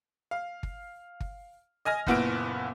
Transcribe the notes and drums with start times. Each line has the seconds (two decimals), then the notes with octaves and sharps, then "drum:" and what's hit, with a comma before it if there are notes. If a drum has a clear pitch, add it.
0.31 F5
0.63 drum: kick G1
1.20 drum: kick G1
1.85 D#5 G#5 F6 A#6
2.07 F#1 A#2 B3 E4 F6 D7, drum: kick G1